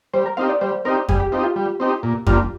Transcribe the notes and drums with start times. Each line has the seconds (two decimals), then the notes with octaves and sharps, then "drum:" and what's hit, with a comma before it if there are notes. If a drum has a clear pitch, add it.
0.14 G3 C5
0.26 A#4
0.37 C4 D#4 G4 F5
0.49 D5
0.61 G3 C5
0.85 C4 D#4 G4 A#4
1.09 G3 G#4, drum: kick F2
1.20 G4
1.32 C4 D#4 F4 G4
1.44 F4
1.56 G3
1.80 C4 D#4 G4
2.03 A#2
2.27 G3 A#3 D4 F4, drum: kick F2